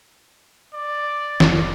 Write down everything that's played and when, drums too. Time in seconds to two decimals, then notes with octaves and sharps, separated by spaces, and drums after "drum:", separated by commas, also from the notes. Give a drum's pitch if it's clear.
0.74 D5
1.40 F1 B3, drum: snare